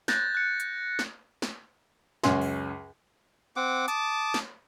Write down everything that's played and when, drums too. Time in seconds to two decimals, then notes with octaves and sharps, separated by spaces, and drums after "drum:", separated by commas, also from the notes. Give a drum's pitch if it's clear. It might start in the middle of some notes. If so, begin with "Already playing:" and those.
0.08 F#6 G6 A6 A#6, drum: snare
0.35 F#6 C#7
0.60 drum: hi-hat
0.99 drum: snare
1.42 drum: snare
2.24 C#2 F#2 C#4 C6, drum: snare
2.41 drum: open hi-hat
3.56 C4 F#5 D6
3.88 A5 D6 D#6, drum: hi-hat
4.34 drum: snare